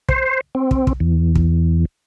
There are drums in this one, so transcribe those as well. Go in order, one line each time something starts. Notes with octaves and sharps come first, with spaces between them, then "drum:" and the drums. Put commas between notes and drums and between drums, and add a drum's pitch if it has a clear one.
C5, drum: kick
C4
drum: kick
drum: kick
E2
drum: kick